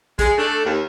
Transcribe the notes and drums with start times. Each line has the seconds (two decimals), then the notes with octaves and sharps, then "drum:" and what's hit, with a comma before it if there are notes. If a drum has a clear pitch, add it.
0.19 G#3, drum: kick, hi-hat
0.38 A3 D4
0.65 D#2